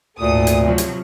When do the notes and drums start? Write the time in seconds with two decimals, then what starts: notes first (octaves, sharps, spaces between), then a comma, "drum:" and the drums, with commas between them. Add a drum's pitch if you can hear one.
0.20 G#1 D2 A#2 A4 D#6
0.47 drum: hi-hat
0.62 C3 F3 F#3
0.78 drum: hi-hat